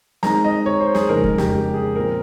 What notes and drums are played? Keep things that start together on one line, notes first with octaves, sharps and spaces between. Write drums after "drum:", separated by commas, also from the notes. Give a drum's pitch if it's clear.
D#3 G#3 C4 D#4 A#5, drum: snare
D#5
C#5
C5
G#4, drum: snare
F2 C#3 G#3 D#4 A#4
drum: kick E2
G4, drum: snare
G4
G#4
A#2 F3 C4 A#4